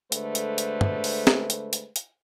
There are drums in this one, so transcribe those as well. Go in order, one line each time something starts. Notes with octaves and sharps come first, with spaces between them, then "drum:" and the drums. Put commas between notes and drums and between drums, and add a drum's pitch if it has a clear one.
D3 G#3 A3 B4 C5, drum: hi-hat
drum: hi-hat
drum: hi-hat
drum: tom
drum: open hi-hat
drum: snare
drum: hi-hat
drum: hi-hat
drum: hi-hat